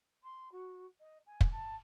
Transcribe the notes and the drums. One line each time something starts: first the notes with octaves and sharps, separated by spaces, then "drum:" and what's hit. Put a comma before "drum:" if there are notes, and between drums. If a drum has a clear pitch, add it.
C6
F#4
D#5
G#5
drum: kick
A5